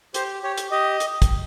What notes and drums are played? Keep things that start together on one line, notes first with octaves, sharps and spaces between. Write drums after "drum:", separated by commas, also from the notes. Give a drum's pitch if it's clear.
G4 C5, drum: hi-hat
G4 C#5
drum: hi-hat
G4 D#5
drum: hi-hat
drum: kick, hi-hat